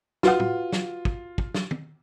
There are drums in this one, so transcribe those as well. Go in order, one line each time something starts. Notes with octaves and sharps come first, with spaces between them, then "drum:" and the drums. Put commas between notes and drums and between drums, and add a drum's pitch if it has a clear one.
F4 F#4 B4 F#5, drum: snare
drum: tom
drum: snare
drum: kick
drum: kick
drum: snare
drum: tom